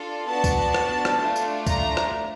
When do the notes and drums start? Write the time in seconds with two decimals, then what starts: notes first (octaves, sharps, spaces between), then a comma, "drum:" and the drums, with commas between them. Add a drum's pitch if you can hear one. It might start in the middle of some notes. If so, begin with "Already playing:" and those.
Already playing: D4 F4 A4
0.29 B3 D4 F#4 A5
0.44 drum: kick, tambourine
0.75 drum: rim click
1.05 drum: rim click
1.21 A3 D4 F4
1.36 drum: tambourine
1.67 A#5, drum: kick, tambourine
1.97 drum: rim click